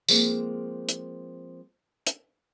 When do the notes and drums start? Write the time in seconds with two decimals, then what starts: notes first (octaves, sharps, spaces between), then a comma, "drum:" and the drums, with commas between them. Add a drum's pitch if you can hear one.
0.08 F3 G#3 A#3 C4, drum: tambourine
0.89 drum: hi-hat
2.07 drum: hi-hat